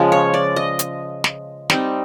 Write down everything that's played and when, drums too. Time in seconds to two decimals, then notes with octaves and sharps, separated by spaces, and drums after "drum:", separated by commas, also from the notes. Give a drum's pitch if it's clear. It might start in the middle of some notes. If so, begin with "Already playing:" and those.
Already playing: C#3 F3 G#3
0.12 C#5
0.34 D5
0.56 D#5
0.79 drum: hi-hat
1.24 drum: snare
1.70 G3 C4 D#4, drum: snare